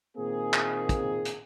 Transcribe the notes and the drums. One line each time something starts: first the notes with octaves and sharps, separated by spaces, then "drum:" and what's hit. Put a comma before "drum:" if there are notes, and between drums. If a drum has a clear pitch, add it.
A#2 D#3 A#3 C4 G#4
drum: clap
drum: kick, hi-hat
drum: hi-hat